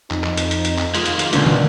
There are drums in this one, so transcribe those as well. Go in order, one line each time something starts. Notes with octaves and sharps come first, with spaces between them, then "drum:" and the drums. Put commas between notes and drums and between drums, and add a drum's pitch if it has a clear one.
F2 D#4, drum: clap
drum: clap
drum: hi-hat
drum: hi-hat
drum: hi-hat
drum: clap
G#3 A#3 F4, drum: hi-hat
drum: hi-hat
drum: hi-hat
C#2 A#2 D3 B3, drum: hi-hat
drum: tom